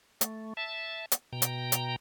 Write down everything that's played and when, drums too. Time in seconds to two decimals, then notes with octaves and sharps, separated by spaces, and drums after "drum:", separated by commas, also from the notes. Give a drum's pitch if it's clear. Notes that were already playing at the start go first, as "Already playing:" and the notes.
0.21 A3, drum: hi-hat
0.57 E5 A5
1.12 drum: hi-hat
1.33 B2 G5 A#5
1.42 drum: hi-hat
1.72 drum: hi-hat